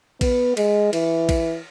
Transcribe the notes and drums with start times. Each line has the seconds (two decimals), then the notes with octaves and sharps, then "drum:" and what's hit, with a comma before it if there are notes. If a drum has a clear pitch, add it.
0.21 B3, drum: kick A#1, cymbal
0.57 G#3, drum: cymbal
0.93 E3, drum: cymbal
1.29 drum: kick A#1, cymbal